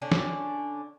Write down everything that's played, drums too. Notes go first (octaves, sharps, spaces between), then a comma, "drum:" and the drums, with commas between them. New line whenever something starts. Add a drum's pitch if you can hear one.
D3 C#4 D4
drum: snare